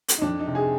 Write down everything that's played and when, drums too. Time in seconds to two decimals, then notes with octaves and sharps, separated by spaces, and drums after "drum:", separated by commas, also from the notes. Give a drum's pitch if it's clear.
0.08 drum: hi-hat
0.18 D#4
0.22 F2 D4
0.39 D#4
0.47 C3
0.55 G#4